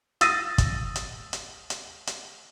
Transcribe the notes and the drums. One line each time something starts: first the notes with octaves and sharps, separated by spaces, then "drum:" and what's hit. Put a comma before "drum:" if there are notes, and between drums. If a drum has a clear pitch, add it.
D#6 E6 A6 A#6 D#7, drum: hi-hat
drum: kick, hi-hat
drum: hi-hat
drum: hi-hat
drum: hi-hat
drum: hi-hat